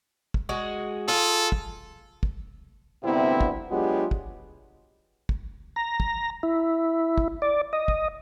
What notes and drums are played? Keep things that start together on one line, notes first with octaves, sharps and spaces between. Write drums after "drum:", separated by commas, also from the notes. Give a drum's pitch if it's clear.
drum: kick
G#3 F#4 G#4
F4 G#4 A4
drum: kick
drum: kick
D2 G2 C3 B3 C4 E4
drum: kick
F#3 G#3 B3 D4 F4 G4
drum: kick
drum: kick
A#5
drum: kick
E4
drum: kick
D5
D#5
drum: kick